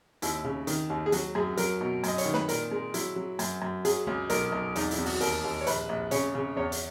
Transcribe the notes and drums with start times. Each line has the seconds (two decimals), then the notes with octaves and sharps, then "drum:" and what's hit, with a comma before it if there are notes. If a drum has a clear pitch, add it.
0.22 D#2 E4, drum: hi-hat
0.44 C#3
0.67 D#3, drum: hi-hat
0.90 D#2
1.06 G#4
1.12 F#3 F#4, drum: hi-hat
1.35 F#2 G#4
1.57 F#3 A#4, drum: hi-hat
1.81 B2
2.04 F#2 D#5, drum: hi-hat
2.18 C#5, drum: hi-hat
2.25 D#3
2.34 B4, drum: snare
2.49 A#2 A#4, drum: hi-hat
2.71 G#3
2.94 F#3 E4, drum: hi-hat
3.16 F#3
3.39 F#2, drum: hi-hat
3.62 F#2
3.85 F#3 G#4, drum: hi-hat
4.07 C#2
4.30 B1 A#4, drum: hi-hat
4.52 B1
4.76 E2 D#4, drum: hi-hat
4.91 E4, drum: hi-hat
4.98 E2
5.06 F#4, drum: open hi-hat
5.21 D#2 A#4, drum: hi-hat
5.44 D#2
5.61 C#5
5.67 A#1 B4, drum: hi-hat
5.89 A#1
6.11 C#3 C#5, drum: hi-hat
6.35 C#3
6.56 E2 C#5
6.72 drum: hi-hat